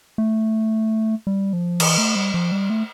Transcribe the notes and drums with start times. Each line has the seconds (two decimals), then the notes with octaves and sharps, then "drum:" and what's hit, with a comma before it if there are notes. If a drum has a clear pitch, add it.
0.18 A3
1.27 G3
1.53 F3
1.80 E3, drum: cymbal
1.98 A3
2.16 G3
2.34 F3
2.52 G3
2.70 A3